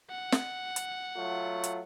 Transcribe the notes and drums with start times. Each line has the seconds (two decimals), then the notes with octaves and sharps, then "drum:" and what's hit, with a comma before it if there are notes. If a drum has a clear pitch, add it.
0.10 F#5
0.32 drum: snare
0.76 drum: hi-hat
1.17 F#3 A3 F4
1.64 drum: hi-hat